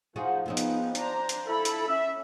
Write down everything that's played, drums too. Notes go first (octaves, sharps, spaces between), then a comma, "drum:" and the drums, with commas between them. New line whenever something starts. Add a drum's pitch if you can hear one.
F3 D#4 F4 F#4 G#4 C5
F3 B3 C4 D#4 F4 G#4
drum: hi-hat
D4 C5 A#5, drum: hi-hat
drum: hi-hat
E4 A4 B5
drum: hi-hat
C#4 E5